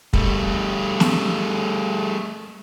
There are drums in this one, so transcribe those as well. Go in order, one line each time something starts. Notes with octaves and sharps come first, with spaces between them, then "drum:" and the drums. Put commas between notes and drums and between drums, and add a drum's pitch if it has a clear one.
G3 A3, drum: kick
drum: snare